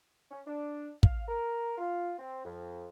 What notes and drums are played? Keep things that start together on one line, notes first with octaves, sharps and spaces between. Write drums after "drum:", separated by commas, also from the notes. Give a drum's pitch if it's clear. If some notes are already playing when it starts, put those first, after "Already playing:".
C#4
D4
F5, drum: kick
A#4
F4
C4
F2